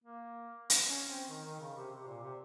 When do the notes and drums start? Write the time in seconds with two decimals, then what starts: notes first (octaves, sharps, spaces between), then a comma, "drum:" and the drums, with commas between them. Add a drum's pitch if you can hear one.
0.04 A#3
0.70 drum: hi-hat
0.87 C#4
1.08 C4
1.29 D#3
1.45 D#3
1.61 C#3
1.76 C3
1.92 C3
2.07 A#2
2.23 C3